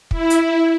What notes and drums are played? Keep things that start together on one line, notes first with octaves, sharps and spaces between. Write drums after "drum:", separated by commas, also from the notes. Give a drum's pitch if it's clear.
E4, drum: kick
drum: hi-hat